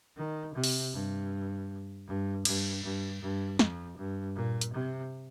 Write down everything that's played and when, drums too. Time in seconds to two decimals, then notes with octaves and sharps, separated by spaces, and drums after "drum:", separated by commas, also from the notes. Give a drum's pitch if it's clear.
0.17 D#3
0.54 C3
0.64 drum: open hi-hat
0.93 G2
2.07 G2
2.45 G2, drum: cymbal
2.83 G2
3.21 G2
3.59 F2, drum: snare
3.97 G2
4.36 A#2
4.61 drum: hi-hat
4.74 C3